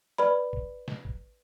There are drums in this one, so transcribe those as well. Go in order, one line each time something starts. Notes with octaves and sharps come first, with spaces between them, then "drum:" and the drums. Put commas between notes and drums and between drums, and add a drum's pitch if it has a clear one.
B4 D5 B5
drum: kick
drum: snare
drum: kick